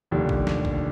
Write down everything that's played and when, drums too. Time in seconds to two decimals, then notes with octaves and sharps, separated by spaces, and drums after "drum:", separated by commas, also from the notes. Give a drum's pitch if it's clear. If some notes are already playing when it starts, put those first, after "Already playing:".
0.11 F1 D#2 D3 G3 D4
0.29 drum: kick
0.47 drum: snare
0.65 drum: kick